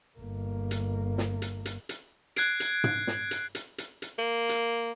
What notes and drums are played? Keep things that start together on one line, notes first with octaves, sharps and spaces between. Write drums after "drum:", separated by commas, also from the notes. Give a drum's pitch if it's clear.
G1 A#3
drum: hi-hat
drum: snare
drum: hi-hat
drum: hi-hat
drum: hi-hat
F#6 G#6 C7 D7, drum: hi-hat
drum: hi-hat
drum: tom
drum: snare
drum: hi-hat
drum: hi-hat
drum: hi-hat
drum: hi-hat
A#3
drum: hi-hat